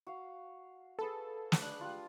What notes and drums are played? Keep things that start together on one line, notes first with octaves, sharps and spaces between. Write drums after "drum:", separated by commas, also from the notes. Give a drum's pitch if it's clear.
F#4 F5
G#4 A4 B4 A5
drum: snare
D4 F#6
F4 G4